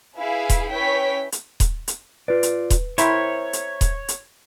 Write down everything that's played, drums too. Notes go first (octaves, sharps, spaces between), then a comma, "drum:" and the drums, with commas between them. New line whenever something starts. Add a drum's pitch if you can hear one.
E4 G#4 B4 F5
drum: kick D#1, hi-hat
C#4 E4 B4 C#5 G5 B6
drum: hi-hat
drum: kick D#1, hi-hat
drum: hi-hat
F4 B4 D5
drum: hi-hat
drum: kick D#1, hi-hat
C4 E4 A#4 C5 C#5 E5, drum: hi-hat
drum: hi-hat
drum: kick D#1, hi-hat
drum: hi-hat